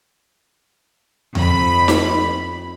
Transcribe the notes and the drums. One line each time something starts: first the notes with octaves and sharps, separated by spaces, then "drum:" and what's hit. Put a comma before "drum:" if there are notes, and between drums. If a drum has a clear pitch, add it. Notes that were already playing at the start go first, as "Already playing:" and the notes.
F2 B5, drum: tom E2
drum: snare D#4